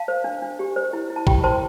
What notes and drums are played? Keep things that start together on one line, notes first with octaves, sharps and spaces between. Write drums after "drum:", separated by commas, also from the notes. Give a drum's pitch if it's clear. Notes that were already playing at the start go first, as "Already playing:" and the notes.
Already playing: F5 A5
C5
D4
D4
G4
C5
E4
E4
A5
G4 G5 B5, drum: kick
B5
C5 A5 C6